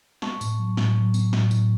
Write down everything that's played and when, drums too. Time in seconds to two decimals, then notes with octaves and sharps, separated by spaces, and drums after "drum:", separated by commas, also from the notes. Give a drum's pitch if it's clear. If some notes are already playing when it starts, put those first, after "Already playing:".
0.22 B3 A5 C#6, drum: snare
0.41 A2, drum: tambourine
0.59 F#3
0.77 A2, drum: snare
0.96 F#3
1.14 B3, drum: tambourine
1.33 A2, drum: snare
1.51 A2, drum: tambourine